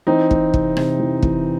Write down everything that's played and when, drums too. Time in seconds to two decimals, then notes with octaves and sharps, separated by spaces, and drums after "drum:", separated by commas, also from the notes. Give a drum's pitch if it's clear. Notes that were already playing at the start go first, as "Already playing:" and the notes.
0.07 E3 C4 D#4
0.31 E3, drum: kick
0.54 C3, drum: kick
0.77 C3, drum: rim click
0.99 E3
1.23 E3, drum: kick